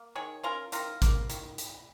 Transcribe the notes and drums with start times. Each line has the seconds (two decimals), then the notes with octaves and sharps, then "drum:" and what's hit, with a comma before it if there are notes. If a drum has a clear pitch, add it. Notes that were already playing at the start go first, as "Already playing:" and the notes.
Already playing: A#3
0.15 D#3 G#4 C#5
0.44 C#4 F4 A#4
0.72 D#3 F4 A#4, drum: hi-hat
1.02 A#3, drum: kick G#1, hi-hat
1.30 D#3, drum: hi-hat
1.58 drum: hi-hat